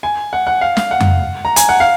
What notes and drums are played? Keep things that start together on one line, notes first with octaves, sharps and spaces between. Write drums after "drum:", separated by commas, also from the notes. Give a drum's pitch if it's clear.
G#5
F#5
F#5
F5
F5, drum: snare
F#5
drum: tom F2
A#5
G#5, drum: hi-hat
F#5
F5